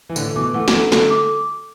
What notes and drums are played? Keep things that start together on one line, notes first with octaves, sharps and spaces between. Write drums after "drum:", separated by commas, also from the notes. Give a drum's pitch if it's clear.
E3
A2 D3 A4, drum: tambourine
B2 E3 D6
E3 A3 F#5
F#3, drum: snare
E3 A3 A4
D3 F#3 A4, drum: snare
D6